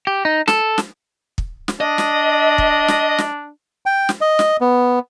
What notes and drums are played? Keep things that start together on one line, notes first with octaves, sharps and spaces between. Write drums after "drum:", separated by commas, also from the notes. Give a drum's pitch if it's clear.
G4
D#4
A4, drum: snare
drum: snare
drum: kick
drum: snare
D4 D#5
drum: snare
drum: kick
drum: snare
drum: snare
G5
drum: snare
D#5
drum: snare
B3